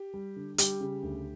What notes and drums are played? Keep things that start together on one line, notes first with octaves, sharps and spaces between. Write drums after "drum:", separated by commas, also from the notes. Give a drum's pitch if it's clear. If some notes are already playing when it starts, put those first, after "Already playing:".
Already playing: G4
G3
D3
G3 G4, drum: hi-hat
C#3
D2